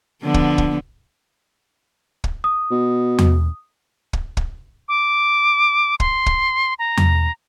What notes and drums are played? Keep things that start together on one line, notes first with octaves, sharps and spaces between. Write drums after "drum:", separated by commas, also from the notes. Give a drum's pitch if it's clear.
D3 F3 B3
drum: kick
drum: kick
drum: kick
D#6
B2
drum: tom E2
drum: kick
drum: kick
D6
C6, drum: kick
drum: kick
A#5
drum: tom E2